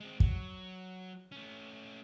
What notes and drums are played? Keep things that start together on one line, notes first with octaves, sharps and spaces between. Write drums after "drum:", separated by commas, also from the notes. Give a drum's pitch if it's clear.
G#3 C4
F#3, drum: kick
A3 C#4